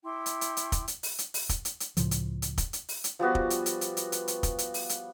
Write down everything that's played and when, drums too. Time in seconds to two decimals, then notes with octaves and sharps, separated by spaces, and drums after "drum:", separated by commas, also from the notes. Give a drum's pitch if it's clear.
0.04 E4 G5 C6 D6
0.26 drum: hi-hat
0.41 drum: hi-hat
0.57 drum: hi-hat
0.72 drum: kick, hi-hat
0.88 drum: hi-hat
1.03 drum: open hi-hat
1.18 drum: hi-hat
1.34 drum: open hi-hat
1.49 drum: kick, hi-hat
1.65 drum: hi-hat
1.80 drum: hi-hat
1.97 C#2 A2 C#3 F3, drum: hi-hat
2.11 drum: hi-hat
2.42 drum: hi-hat
2.58 drum: kick, hi-hat
2.73 drum: hi-hat
2.88 drum: open hi-hat
3.04 drum: hi-hat
3.19 F3 G3 B3 F#4
3.35 drum: kick
3.50 drum: hi-hat
3.66 drum: hi-hat
3.81 drum: hi-hat
3.97 drum: hi-hat
4.12 drum: hi-hat
4.28 drum: hi-hat
4.43 drum: kick, hi-hat
4.59 drum: hi-hat
4.74 drum: open hi-hat
4.89 drum: hi-hat